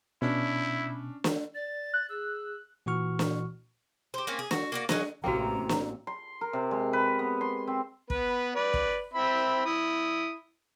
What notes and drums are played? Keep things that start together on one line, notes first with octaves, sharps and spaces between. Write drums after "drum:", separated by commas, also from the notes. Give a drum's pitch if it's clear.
B2 C#4 D4 E4
drum: snare
D5 A6
F#6
G#4 E6
A#2 E3 F#4 C#6 F6
drum: snare
G4 C5
A#3 C4 C#4
G#4
F#4, drum: snare
A#3 F#4 D5
F#3 G#3 C#4, drum: snare
A1 C3 A#3 C4 C#4 F#4 G5 A#5
drum: snare
C6
A#4
C3
G#3
B4
B3
C6
C4
B3 B4, drum: kick
B4 D5
drum: kick
C4 E5 B5
E4 D#6